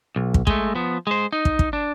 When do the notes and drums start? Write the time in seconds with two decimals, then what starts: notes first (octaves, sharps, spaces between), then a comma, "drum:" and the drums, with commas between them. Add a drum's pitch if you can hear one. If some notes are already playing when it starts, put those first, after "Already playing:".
0.16 B1
0.34 drum: kick
0.47 G#3 A3, drum: kick
0.75 F3 B3
1.07 G#3 C5
1.32 D#4
1.45 drum: kick
1.59 drum: kick
1.73 D4